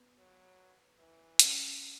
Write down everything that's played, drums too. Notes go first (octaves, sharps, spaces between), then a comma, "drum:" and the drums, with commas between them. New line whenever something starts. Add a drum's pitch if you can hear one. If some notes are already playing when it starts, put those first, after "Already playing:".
Already playing: B3
F#3
E3
C#4, drum: hi-hat